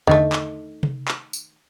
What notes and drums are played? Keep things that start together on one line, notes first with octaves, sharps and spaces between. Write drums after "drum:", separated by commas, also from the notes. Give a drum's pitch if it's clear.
E2 D3 D#3 A3
drum: clap
drum: tom C3
drum: clap
drum: tambourine